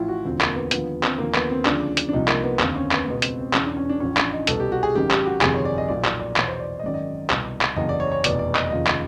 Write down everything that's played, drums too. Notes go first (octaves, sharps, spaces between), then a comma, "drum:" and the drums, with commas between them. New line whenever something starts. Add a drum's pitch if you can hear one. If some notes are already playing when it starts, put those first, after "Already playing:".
Already playing: A1 A2 F3 E4 F4
F#4
E1 D2 D3 F3 C4
A#3, drum: clap
B3
D#2 D3 F3 B3, drum: hi-hat
C4, drum: clap
D#2 D3 F3 A#3
B3, drum: clap
C4
D2 C#3 F3 D4, drum: clap
drum: hi-hat
D4
C2 C3 F3 D#4
A#3, drum: clap
B3
F1 D#2 D3 C4, drum: clap
C#4
B3, drum: clap
C#2 B2 B3
C4, drum: hi-hat
C4
E1 E2 C#3 E3 C#4, drum: clap
D4
C#4
D4
A1 A2 F3 C#4
D4, drum: clap
D#4
C2 B2 A4, drum: hi-hat
G4
F#4
G#4
G#1 F#2 D#3 G4
G4, drum: clap
F#4
G1 F2 C3 D#3 G#4, drum: clap
C#5
D5
D#5
B1 A#2 F3 D5
drum: clap
D5
E2 B2 C#5, drum: clap
C5
D5
D#5
G#1 F#2 D#3 D5
D#5
C2 B2, drum: clap
drum: clap
F#1 E2 C3 D#5
D5
C#5
C#5
F1 E2 B2 D5, drum: hi-hat
D5
D#5, drum: clap
F1 D#2 C#3 F3 D#5
drum: clap